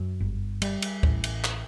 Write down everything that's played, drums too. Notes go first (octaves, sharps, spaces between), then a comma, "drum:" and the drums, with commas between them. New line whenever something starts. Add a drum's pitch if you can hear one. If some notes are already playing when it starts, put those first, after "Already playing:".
Already playing: F#2
G1
G3, drum: cymbal
drum: cymbal
A1, drum: kick
drum: cymbal
drum: clap